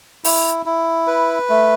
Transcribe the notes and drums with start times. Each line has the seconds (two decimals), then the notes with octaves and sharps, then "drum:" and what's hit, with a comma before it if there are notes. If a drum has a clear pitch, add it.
0.24 E4, drum: open hi-hat
0.66 E4
1.07 B4
1.50 A3